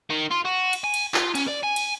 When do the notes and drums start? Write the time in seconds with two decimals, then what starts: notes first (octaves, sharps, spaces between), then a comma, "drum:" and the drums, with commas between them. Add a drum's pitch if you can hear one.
0.10 D#3
0.31 F4
0.45 F#4
0.73 drum: cymbal
0.84 G#5
0.94 drum: cymbal
1.14 F4, drum: clap
1.35 C#4, drum: cymbal
1.48 D5
1.64 G#5
1.76 drum: cymbal